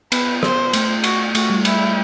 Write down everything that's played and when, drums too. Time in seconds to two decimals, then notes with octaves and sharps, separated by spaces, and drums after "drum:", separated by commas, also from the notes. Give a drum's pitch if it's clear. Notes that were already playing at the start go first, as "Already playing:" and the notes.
0.12 B3 B4, drum: cymbal
0.43 C5, drum: rim click
0.73 A3, drum: cymbal
1.04 F#4, drum: cymbal
1.35 A3 F#4, drum: cymbal
1.50 G3
1.65 E4, drum: cymbal